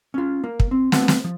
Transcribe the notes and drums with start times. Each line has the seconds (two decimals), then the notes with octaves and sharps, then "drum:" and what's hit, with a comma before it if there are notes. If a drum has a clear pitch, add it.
0.14 C#4 F4
0.44 A#3
0.60 drum: kick
0.71 C4
0.92 F#3 A3 B3 C4 F#5, drum: snare
1.08 drum: snare
1.24 F3